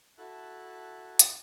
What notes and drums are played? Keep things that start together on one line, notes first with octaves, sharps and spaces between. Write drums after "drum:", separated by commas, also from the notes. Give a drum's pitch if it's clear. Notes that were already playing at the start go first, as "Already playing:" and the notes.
E4 F#4 A4 E5 A5 F#6
drum: hi-hat